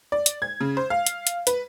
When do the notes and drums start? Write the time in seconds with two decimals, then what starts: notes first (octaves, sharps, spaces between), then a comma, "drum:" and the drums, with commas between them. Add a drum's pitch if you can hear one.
0.12 D5
0.26 drum: hi-hat
0.42 G#6
0.61 C#3
0.77 C5
0.90 F5
1.07 drum: hi-hat
1.27 drum: hi-hat
1.47 B4, drum: hi-hat